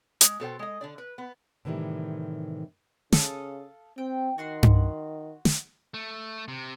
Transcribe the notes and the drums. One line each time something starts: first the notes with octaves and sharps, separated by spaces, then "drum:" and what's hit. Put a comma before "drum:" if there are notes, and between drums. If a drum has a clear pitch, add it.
G#3, drum: hi-hat
B2 A4 C5 G5
G#3 D#5
D3 D4 D5
B4
B3
A2 C3 D#3 E3 G3
C#3 A4 F5 D#6, drum: snare
C4 G5
D#3 F#4 F#5 C6
drum: tom G2
drum: snare
A3
C3